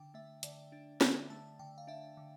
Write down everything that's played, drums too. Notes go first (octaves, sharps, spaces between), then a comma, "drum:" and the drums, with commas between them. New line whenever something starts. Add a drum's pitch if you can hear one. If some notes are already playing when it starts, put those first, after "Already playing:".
Already playing: D3 D4 G5
A3 E5
D3 D5, drum: hi-hat
D4
D3, drum: snare
A3 A5
D3 G5
F5
D4 E5
D3